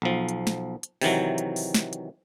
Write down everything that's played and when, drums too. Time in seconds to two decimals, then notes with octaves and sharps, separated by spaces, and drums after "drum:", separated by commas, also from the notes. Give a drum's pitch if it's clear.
0.02 B1 F3
0.29 drum: hi-hat
0.47 drum: snare
0.83 drum: hi-hat
1.01 C3 D#3 E3 F#3, drum: open hi-hat
1.38 drum: hi-hat
1.56 drum: open hi-hat
1.74 drum: snare
1.93 drum: hi-hat